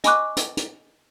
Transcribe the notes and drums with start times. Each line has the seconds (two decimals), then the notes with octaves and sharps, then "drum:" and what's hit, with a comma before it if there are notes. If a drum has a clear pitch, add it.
0.04 D#5 G#5 B5 C#6 D6 F#6, drum: hi-hat
0.37 drum: hi-hat
0.57 drum: hi-hat